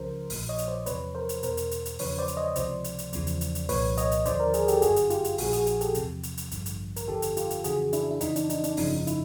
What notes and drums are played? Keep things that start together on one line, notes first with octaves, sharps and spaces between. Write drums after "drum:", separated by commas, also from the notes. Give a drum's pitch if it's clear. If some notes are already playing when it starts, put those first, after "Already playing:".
Already playing: C#2 C#3 F3 A#4 C5
A#1 A#2 F3, drum: open hi-hat
C#5 D#5
drum: hi-hat
C5 D5
E2 C3 F3 B4 C#5, drum: hi-hat
A#4 C5
drum: hi-hat
E2 B2 A#4 C5, drum: hi-hat
drum: hi-hat
drum: hi-hat
drum: hi-hat
E2 C#3 F3 B4 C#5, drum: open hi-hat
C5 D5
drum: hi-hat
C#5 D#5
D#5
C#2 C3 F3 C5 D5, drum: hi-hat
drum: hi-hat
drum: hi-hat
E2 C#3 F3, drum: hi-hat
drum: hi-hat
drum: hi-hat
drum: hi-hat
C2 A#2 F3 B4 C#5, drum: open hi-hat
C#5 D#5, drum: hi-hat
drum: hi-hat
D#2 D3 F3 C5 D5, drum: hi-hat
A#4 C5
G#4 A#4, drum: hi-hat
G4 A4, drum: hi-hat
G1 F#2 D3 F#4 G#4, drum: hi-hat
drum: hi-hat
F4 G4, drum: hi-hat
drum: hi-hat
A#1 A#2 F3 F#4 G#4, drum: open hi-hat
F#4 G#4, drum: hi-hat
F#4 G#4, drum: hi-hat
G4 A4, drum: hi-hat
E2 C3 F3, drum: hi-hat
drum: hi-hat
drum: hi-hat
A1 G2 D3 F3, drum: hi-hat
drum: hi-hat
A#4, drum: hi-hat
G1 F2 D3 F3 G4 A4
drum: hi-hat
F4 G4, drum: hi-hat
drum: hi-hat
F2 C#3 E3 F#4 G#4, drum: hi-hat
D4 E4, drum: hi-hat
E4
F2 C#3 E3 D#4, drum: hi-hat
D4, drum: hi-hat
D#4, drum: hi-hat
D4, drum: hi-hat
G1 F2 C#3 F3 D#4, drum: open hi-hat
D#4
E4, drum: hi-hat